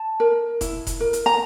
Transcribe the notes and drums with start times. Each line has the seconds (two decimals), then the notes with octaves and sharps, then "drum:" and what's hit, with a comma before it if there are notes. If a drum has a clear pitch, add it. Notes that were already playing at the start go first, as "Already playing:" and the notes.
Already playing: A5
0.20 A#4
0.61 E4, drum: kick F1, hi-hat
0.87 drum: kick F1, hi-hat
1.00 A#4
1.13 drum: hi-hat
1.26 A#5